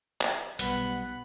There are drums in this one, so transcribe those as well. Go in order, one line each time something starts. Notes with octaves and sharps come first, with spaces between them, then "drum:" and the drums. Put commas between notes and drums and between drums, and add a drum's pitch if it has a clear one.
drum: clap
B1 G3 B3 F#5 B5, drum: hi-hat